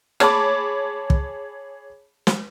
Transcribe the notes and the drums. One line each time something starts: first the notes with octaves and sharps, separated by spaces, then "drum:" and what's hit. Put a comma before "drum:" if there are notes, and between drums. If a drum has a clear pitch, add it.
G#4 C#5 A5 B5 D6, drum: rim click
drum: kick
drum: snare